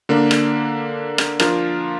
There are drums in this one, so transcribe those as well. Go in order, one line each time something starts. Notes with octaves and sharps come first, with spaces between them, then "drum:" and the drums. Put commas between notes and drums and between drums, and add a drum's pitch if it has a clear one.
D3 A#3 D4
drum: rim click
drum: rim click
F3 D4 F4 A#4, drum: rim click